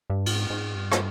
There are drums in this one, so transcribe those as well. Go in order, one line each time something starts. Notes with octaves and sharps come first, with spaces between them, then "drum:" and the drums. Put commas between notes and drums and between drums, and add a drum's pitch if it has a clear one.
G2
G#2, drum: cymbal
G#2
G2
drum: rim click